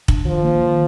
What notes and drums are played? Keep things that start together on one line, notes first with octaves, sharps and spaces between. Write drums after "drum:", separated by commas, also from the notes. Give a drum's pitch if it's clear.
D4, drum: kick
D#3 F3
A#3
D#3